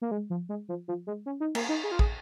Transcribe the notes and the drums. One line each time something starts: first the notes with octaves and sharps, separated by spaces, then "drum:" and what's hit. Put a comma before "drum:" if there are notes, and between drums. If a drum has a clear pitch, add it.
A#3
G#3
F3
G#3
F3
F3
G#3
C#4
D#4
A#3, drum: cymbal
D#4
G#4
F4
G#4, drum: kick